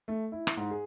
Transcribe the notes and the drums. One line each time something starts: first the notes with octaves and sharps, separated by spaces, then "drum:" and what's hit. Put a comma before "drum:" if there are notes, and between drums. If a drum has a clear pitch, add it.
A3
E4
drum: rim click
G#2
G#4